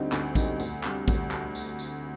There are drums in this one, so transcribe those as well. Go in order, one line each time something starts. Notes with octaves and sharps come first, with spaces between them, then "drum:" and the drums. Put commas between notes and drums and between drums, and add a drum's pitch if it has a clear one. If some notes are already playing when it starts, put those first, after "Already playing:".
Already playing: D2 D3 G3 C4 D#4
D2, drum: clap
D3 G3 C4 D#4, drum: kick, tambourine
D2, drum: tambourine
C3 G3, drum: clap
D2, drum: kick, tambourine
drum: clap
drum: tambourine
drum: tambourine